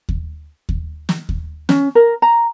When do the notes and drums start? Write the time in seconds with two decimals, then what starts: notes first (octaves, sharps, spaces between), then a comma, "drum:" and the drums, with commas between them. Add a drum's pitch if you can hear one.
0.09 drum: kick D#2
0.69 drum: kick D#2
1.09 drum: snare
1.29 drum: kick D#2
1.69 C#4, drum: snare
1.95 A#4
2.22 A#5